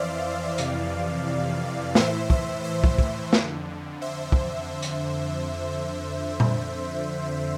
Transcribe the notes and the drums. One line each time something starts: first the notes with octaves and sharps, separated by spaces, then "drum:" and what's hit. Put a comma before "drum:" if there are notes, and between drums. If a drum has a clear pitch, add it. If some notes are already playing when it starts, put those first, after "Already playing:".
Already playing: F2 E3 C5 D5 E5 F5
F2 C3 E3, drum: hi-hat
A2 E3 C5 E5, drum: snare
C5 E5, drum: kick
C5 E5
drum: kick
C5 E5, drum: kick
F2 D3, drum: snare
C5 E5
drum: kick
drum: hi-hat
drum: tom A#2